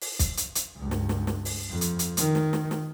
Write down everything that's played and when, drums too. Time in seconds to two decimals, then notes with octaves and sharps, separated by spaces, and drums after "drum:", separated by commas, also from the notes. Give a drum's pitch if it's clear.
0.01 drum: open hi-hat
0.19 drum: kick, hi-hat
0.37 drum: hi-hat
0.55 drum: hi-hat
0.76 C#2 G2
0.91 drum: snare
1.09 drum: snare
1.27 drum: snare
1.45 drum: open hi-hat
1.70 F2
1.81 drum: hi-hat
1.99 drum: hi-hat
2.17 D#3, drum: hi-hat
2.35 drum: snare
2.53 drum: snare
2.71 drum: snare